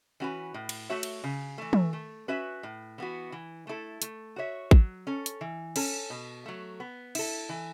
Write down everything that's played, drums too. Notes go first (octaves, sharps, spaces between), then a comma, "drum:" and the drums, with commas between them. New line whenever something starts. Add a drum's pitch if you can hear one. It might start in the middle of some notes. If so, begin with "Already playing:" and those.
E3 C#4 F#4 B4
A2
drum: cymbal
A3 F#4 C#5 E5
drum: cymbal
C#3
E3 A3
drum: tom
A3
C#4 F#4 B4 E5
A2
E3 B3 F#4
E3
A3 E4 A4
A3, drum: hi-hat
F#4 C#5 E5
F#3, drum: kick
C#4 A4
drum: hi-hat
E3
C#4 A4, drum: cymbal
B2
F#3 A3
B3
E4 A4, drum: cymbal
E3